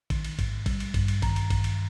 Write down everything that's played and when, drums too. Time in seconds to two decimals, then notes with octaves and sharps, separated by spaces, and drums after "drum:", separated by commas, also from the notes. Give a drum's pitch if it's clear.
0.10 D#3, drum: kick A1, cymbal
0.24 drum: cymbal
0.39 G#2, drum: kick A1, cymbal
0.66 G3, drum: kick A1, cymbal
0.80 drum: cymbal
0.94 G2, drum: kick A1, cymbal
1.08 drum: cymbal
1.22 D#3 A#5, drum: kick A1, cymbal
1.36 drum: cymbal
1.50 G2, drum: kick A1, cymbal
1.64 drum: cymbal